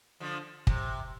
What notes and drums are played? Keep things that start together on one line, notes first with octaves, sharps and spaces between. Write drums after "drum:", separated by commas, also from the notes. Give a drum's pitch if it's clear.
D3 F3
C3, drum: kick